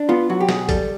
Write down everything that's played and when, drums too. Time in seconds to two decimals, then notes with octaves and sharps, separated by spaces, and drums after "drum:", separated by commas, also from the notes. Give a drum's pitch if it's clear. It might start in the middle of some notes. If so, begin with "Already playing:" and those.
Already playing: D4
0.09 B3 F4
0.29 F#3 F#4
0.41 G4
0.49 B2 G#4, drum: snare
0.69 G3 A4, drum: kick A1, hi-hat